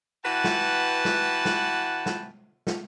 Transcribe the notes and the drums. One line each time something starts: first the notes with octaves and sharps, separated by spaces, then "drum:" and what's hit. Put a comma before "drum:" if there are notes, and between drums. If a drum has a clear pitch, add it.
E3 F#4 B4 F#5 G5 A5
drum: snare
drum: snare
drum: snare
drum: snare
drum: snare